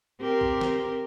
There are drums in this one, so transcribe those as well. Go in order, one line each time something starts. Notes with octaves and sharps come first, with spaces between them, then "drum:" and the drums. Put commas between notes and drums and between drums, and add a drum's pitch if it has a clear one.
C4 G4 A#4
drum: kick A1
drum: snare